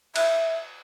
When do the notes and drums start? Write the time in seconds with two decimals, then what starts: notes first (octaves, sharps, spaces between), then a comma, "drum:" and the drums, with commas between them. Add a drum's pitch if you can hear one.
0.16 E5, drum: cymbal